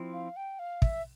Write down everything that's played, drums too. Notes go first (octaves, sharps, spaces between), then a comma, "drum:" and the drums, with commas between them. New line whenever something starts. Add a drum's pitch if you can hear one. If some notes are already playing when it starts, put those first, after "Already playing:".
Already playing: F3 C4 E4
F5
G5
F5
E5, drum: kick